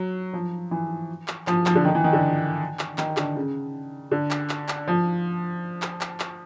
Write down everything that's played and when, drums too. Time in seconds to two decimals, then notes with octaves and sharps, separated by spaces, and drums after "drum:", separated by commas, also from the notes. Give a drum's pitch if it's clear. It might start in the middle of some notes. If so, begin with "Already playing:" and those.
Already playing: F#3
0.33 F3
0.71 E3
1.28 drum: clap
1.47 F3, drum: clap
1.66 F3, drum: clap
1.75 D3
1.85 D#3
1.95 E3
2.04 D#3
2.13 D3
2.79 drum: clap
2.98 D#3, drum: clap
3.17 D3, drum: clap
3.36 C#3
4.11 D3
4.31 drum: clap
4.50 drum: clap
4.68 drum: clap
4.87 F3
5.82 drum: clap
6.01 drum: clap
6.20 drum: clap